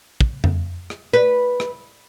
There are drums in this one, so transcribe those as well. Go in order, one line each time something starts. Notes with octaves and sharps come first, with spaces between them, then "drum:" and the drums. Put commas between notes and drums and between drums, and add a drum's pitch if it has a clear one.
drum: kick
drum: tom F2
drum: rim click
B4
drum: rim click